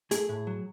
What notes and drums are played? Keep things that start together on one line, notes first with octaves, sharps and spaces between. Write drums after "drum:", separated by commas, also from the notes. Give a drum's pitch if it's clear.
A3 G#4, drum: hi-hat
A2
F#3